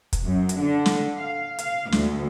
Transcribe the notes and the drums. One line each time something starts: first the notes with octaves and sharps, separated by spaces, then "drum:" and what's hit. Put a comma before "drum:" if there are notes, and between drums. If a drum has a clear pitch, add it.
drum: kick, hi-hat
F#2
drum: hi-hat
D3
drum: snare
F5
F5, drum: hi-hat
D2, drum: snare